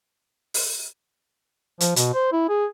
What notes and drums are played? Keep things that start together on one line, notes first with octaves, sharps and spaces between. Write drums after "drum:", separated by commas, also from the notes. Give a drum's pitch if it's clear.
drum: open hi-hat
F3, drum: hi-hat
B2, drum: hi-hat
C5
E4
G#4